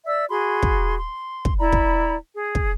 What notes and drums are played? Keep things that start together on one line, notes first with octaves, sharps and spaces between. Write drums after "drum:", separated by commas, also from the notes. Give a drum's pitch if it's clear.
D5 E5 E6
F#4 G#4 B5 C6
drum: kick
C6
drum: kick
E4 D5 A#5 B5
drum: kick
G#4
drum: kick